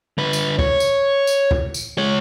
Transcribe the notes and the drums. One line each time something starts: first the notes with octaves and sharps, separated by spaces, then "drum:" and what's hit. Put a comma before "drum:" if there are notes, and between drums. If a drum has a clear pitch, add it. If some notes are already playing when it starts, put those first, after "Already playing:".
D3 B4
drum: tambourine
C#5, drum: kick
drum: tambourine
drum: tambourine
drum: kick
drum: tambourine
G#3 C#5